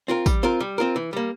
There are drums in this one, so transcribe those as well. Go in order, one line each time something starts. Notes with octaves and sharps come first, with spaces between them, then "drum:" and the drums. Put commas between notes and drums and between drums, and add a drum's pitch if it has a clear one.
C4 F4 A#4
G3, drum: kick, tambourine
C4 F4 A#4
G3
C4 F4 A#4
E3
G3 A#3